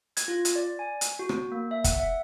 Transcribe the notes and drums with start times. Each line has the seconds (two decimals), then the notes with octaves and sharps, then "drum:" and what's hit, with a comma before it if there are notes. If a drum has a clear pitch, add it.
0.17 G#6, drum: hi-hat
0.28 F4
0.45 drum: hi-hat
0.56 D5
0.79 G#5
1.01 drum: hi-hat
1.19 F#4
1.29 drum: rim click
1.52 A#3
1.71 E5
1.84 F#5, drum: kick, hi-hat
2.00 E5